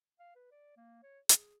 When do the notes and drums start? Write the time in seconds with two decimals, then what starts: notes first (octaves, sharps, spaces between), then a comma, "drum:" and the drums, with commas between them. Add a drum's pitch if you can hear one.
0.20 F5
0.35 B4
0.52 D5
0.77 A#3
1.03 C#5
1.29 G#4, drum: hi-hat